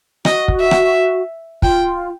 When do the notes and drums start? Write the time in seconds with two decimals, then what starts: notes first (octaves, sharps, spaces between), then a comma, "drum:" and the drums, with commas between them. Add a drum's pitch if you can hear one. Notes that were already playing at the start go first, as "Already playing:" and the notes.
0.25 F#4 D#5, drum: rim click
0.48 drum: kick
0.60 E5
0.71 drum: rim click
1.62 F4 G5, drum: kick